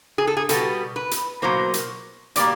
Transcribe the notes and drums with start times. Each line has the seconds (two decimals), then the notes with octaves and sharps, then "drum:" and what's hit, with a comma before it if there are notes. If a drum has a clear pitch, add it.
0.18 G#4
0.27 A4
0.37 G#4
0.49 B2 G3 B3 A4, drum: hi-hat
0.96 B4
1.11 drum: hi-hat
1.42 B2 F#3 A#3 C5
1.74 drum: hi-hat
2.36 B2 G3 A#3 D5, drum: hi-hat